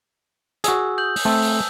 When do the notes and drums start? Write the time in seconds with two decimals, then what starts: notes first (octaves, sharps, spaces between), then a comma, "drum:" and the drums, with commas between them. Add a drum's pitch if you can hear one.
0.64 F#4 G#4 E6, drum: hi-hat
0.98 D#6 G6 F#7
1.16 drum: open hi-hat
1.25 A3 C4 A4 A5 E6
1.42 drum: open hi-hat